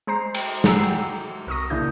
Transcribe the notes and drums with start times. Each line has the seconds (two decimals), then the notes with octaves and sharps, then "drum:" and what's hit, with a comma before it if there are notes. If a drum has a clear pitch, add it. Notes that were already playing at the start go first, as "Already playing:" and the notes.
0.07 G#3 C5 A#5 C7
0.35 G5 A#5, drum: cymbal
0.64 F#5 G#5 A#5 E6 C7, drum: snare
0.79 G5 A#5
1.47 C2 A#4 C#6 D#6 A#6
1.70 A#1 C#3 A#3 D4 E4 G6